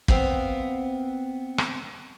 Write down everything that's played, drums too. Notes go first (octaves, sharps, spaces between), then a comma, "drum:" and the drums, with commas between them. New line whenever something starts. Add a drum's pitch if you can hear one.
B3 C4 F5, drum: kick
drum: rim click